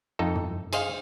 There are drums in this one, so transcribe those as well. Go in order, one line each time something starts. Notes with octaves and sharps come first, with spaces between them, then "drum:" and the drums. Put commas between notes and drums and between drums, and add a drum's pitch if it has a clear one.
F2 D#4 A4
drum: tom
G#4 C5 D#5 F5, drum: cymbal